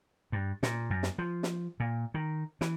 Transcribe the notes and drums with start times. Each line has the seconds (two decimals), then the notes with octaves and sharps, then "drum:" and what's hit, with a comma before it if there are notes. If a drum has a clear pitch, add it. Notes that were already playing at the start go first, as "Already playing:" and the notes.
0.32 G2
0.63 A#2, drum: snare
0.90 F#2
1.03 drum: snare
1.18 F3
1.43 drum: snare
1.80 A#2
2.14 D#3
2.61 E3, drum: snare